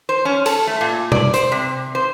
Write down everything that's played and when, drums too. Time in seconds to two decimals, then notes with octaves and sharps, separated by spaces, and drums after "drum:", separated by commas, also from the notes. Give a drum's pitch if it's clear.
0.09 C5
0.25 C#4
0.46 A4, drum: cymbal
0.67 A3
0.81 A#2
1.12 D5, drum: tom B2
1.34 C5, drum: hi-hat
1.52 C3
1.95 C5